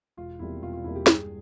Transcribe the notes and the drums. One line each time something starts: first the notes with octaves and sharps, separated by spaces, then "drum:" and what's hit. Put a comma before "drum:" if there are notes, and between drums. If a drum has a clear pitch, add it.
E1 F4
E2 C3 G3 A#3 E4
E1 F4
F4
E2 C3 G3 A#3 E4
G4
G2 G#4, drum: snare